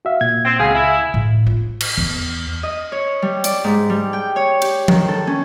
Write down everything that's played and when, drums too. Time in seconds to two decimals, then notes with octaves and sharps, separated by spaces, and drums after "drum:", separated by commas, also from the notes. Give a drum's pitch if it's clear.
0.05 F#4 E5 F5
0.21 A#2 G#6
0.45 C4
0.60 C#2 B2 G#4 F5 G#5
0.75 E4
1.14 A2
1.47 F4
1.81 drum: cymbal
1.98 E2
2.63 D#5
2.92 C#5
3.22 G3
3.44 D5, drum: hi-hat
3.64 G#2
3.89 G3
4.13 G5
4.36 C#5
4.62 G4, drum: cymbal
4.88 D#3, drum: tom F3
5.08 A4
5.27 C#4